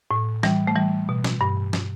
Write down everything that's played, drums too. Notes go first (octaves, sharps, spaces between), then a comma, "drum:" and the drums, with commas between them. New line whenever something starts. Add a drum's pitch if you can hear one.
A2
E3 G3, drum: snare
A3
E3 G3
B2
drum: snare
G2
drum: snare